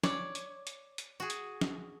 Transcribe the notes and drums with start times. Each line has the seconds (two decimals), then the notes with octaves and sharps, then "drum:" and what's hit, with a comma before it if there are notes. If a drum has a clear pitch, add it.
0.04 C#5 D5, drum: snare
0.35 drum: hi-hat
0.67 drum: hi-hat
0.98 drum: hi-hat
1.20 F#4 G#4
1.30 drum: hi-hat
1.61 drum: snare